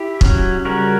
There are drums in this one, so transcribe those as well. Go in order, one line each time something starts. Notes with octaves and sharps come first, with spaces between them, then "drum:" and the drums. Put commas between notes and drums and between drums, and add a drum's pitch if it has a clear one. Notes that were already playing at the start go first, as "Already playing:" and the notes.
Already playing: E4 G4
F#3 C#4, drum: kick
C#3 G3 C#4 F#4 A#4